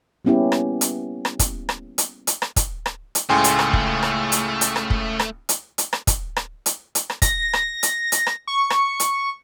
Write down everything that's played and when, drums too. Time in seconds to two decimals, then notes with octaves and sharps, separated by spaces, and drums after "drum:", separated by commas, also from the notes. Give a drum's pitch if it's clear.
0.25 G3 A#3 B3 C#4 E4 G4
0.52 drum: rim click
0.81 drum: hi-hat
1.25 drum: rim click
1.39 drum: kick, hi-hat
1.69 drum: rim click
1.98 drum: hi-hat
2.27 drum: hi-hat
2.42 drum: rim click
2.56 drum: kick, hi-hat
2.86 drum: rim click
3.15 drum: hi-hat
3.29 C#2 A2 C#3 A3 G5 G#5 C6
3.44 drum: hi-hat
3.59 drum: rim click
3.73 drum: kick
4.03 drum: rim click
4.32 drum: hi-hat
4.61 drum: hi-hat
4.76 drum: rim click
4.90 drum: kick
5.20 drum: rim click
5.49 drum: hi-hat
5.78 drum: hi-hat
5.93 drum: rim click
6.07 drum: kick, hi-hat
6.36 drum: rim click
6.66 drum: hi-hat
6.95 drum: hi-hat
7.10 drum: rim click
7.22 A#6, drum: kick, hi-hat
7.53 drum: rim click
7.83 drum: hi-hat
8.12 drum: hi-hat
8.27 drum: rim click
8.47 C#6
8.70 drum: rim click
9.00 drum: hi-hat